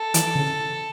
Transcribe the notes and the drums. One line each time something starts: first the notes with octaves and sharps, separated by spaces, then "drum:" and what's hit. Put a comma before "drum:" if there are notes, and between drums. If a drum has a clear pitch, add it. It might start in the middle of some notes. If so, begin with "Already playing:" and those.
Already playing: A4
E3, drum: hi-hat
C#3